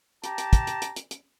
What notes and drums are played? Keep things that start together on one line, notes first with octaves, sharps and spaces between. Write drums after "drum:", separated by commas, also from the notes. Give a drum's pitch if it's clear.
G4 A5 A#5, drum: hi-hat
drum: hi-hat
drum: kick, hi-hat
drum: hi-hat
drum: hi-hat
drum: hi-hat
drum: hi-hat